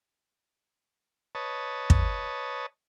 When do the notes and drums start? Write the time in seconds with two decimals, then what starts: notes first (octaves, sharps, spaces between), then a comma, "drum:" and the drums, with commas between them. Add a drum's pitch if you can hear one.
1.35 B4 C#5 D#5 A5
1.90 drum: kick